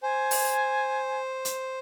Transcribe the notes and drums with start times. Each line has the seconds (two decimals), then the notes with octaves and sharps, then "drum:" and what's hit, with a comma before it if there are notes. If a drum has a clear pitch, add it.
0.03 C5 G#5
0.31 drum: open hi-hat
1.45 drum: hi-hat